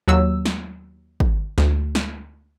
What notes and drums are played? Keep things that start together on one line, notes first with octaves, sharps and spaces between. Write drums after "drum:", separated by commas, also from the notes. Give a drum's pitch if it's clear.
D#2 F#3 E6
drum: snare
drum: kick
D2, drum: snare
drum: snare